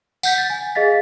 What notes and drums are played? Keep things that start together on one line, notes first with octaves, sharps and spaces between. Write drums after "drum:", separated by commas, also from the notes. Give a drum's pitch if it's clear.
F#5 G6 B6, drum: tambourine
A6
G#5
G#4 D#5 F5 A6 B6